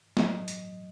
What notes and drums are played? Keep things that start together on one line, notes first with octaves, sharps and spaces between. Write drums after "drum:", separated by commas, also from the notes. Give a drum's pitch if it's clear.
A2 F#3 D#5, drum: snare
drum: hi-hat